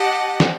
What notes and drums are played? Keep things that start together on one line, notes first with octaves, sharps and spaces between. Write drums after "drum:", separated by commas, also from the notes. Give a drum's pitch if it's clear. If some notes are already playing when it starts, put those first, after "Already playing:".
Already playing: G4 D#5 F#5 A5
drum: snare